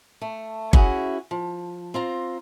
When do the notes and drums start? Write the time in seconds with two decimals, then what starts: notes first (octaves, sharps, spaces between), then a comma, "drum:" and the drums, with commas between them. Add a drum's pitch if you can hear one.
0.22 A3
0.73 C#4 E4 F#4 G#4 F#5, drum: kick G1
1.31 F3
1.94 C4 F4 A#5